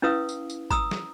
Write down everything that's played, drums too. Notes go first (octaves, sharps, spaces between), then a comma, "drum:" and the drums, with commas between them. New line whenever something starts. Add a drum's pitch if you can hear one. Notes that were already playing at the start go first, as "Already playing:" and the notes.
C#4 E4 B4 F5 D#6 E6
drum: tambourine
drum: tambourine
A#5 D#6 E6, drum: kick, tambourine
drum: snare